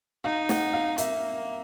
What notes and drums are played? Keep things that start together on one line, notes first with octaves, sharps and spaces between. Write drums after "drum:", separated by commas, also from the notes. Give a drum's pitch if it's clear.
D#4 F5
F#5, drum: snare
F5
A#3 E5, drum: hi-hat